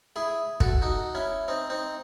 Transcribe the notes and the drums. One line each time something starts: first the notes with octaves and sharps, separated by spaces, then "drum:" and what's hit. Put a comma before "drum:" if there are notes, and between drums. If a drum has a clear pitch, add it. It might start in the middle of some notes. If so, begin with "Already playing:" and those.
E4 G#4
F#4 A4, drum: kick
D#4 F#4
C#4 E4
C4 D#4
C4 D#4